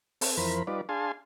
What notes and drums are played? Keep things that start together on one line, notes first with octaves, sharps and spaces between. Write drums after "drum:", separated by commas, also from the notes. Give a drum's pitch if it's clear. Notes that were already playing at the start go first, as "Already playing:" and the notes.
C4 A4, drum: open hi-hat
F2 E3 A#4 C5 B5
G3 D#4 F4 B4 D5
D4 G#4 F5 G#5 A5 C6